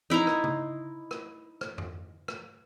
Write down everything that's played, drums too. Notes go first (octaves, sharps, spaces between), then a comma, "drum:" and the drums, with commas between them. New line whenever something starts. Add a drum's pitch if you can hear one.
D#4 E4 C5 A#5
drum: rim click
drum: tom C#3
drum: rim click
drum: rim click
drum: tom F2
drum: rim click